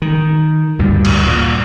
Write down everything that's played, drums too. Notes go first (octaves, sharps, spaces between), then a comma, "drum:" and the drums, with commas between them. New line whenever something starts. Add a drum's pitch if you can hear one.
D#3
D2 G2 A#2 G3
drum: cymbal
A#2